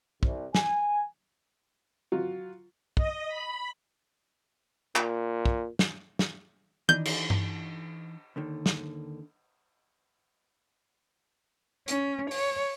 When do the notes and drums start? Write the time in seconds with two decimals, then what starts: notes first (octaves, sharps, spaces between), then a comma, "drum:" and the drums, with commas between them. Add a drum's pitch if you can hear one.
0.23 C2, drum: kick
0.55 G#5, drum: snare
2.12 F#3 F4 F#4
2.97 D#5, drum: kick
3.28 B5
4.96 A#2, drum: clap
5.45 drum: kick
5.79 drum: snare
6.19 drum: snare
6.89 E3 D4 D#4 G6, drum: tom
7.05 drum: cymbal
7.30 drum: tom G2
8.36 D#2 D3 D#3
8.66 drum: snare
11.88 C#4, drum: hi-hat
12.31 C#5, drum: open hi-hat